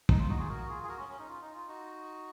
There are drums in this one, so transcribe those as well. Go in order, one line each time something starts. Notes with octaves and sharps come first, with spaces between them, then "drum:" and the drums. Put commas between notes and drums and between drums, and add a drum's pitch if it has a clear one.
D#4, drum: kick
F4
D#4 F#4
F4 G#4
F#4 A#4
F4 G#4
G#4
F#4 A#4
C#4
C#4
D#4
F4
D#4
F4
D#4 F#4